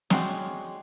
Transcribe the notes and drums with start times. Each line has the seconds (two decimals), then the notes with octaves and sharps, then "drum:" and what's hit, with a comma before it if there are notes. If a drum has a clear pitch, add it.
0.10 G#3 C#4 F#4 D5 G5 C6, drum: snare